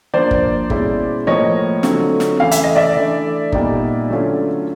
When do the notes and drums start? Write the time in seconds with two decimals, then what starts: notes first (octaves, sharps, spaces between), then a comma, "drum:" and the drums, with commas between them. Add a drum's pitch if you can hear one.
0.14 F3 A#3 D4 C5 D5
0.31 drum: kick G1
0.70 B2 G#3 C#4 E4, drum: kick G1
1.27 A2 F3 A#3 C#5 D#5
1.83 D3 F#3 A3 C4 F4, drum: snare
2.20 drum: snare
2.40 C#3 E3 A3 F5
2.51 E5, drum: hi-hat
2.64 D#5
2.76 D5 E5
2.97 E3 A3 D4
3.52 A#2 G3 B3 D#4, drum: kick G1
4.09 D3 F#3 A3 C#4 F4